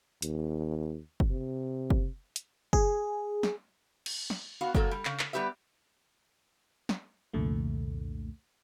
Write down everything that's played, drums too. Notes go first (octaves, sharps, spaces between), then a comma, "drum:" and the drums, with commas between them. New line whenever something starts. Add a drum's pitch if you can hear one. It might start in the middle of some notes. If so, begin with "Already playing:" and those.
D#2, drum: hi-hat
drum: kick F#1
C3
drum: kick F#1
drum: hi-hat
G#4, drum: kick F#1
drum: snare
drum: cymbal
drum: snare
B3 F#4 F5
F3 F#3 A#3 A4, drum: kick F#1
G3
C#3, drum: clap
drum: clap
G3 B3 G4 B4 E5
drum: snare
C2 F2 A#2 D3 A3